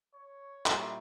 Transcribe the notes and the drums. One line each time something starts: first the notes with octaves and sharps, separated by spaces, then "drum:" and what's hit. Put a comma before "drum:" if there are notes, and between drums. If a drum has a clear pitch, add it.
C#5
A#2 G3 E4, drum: clap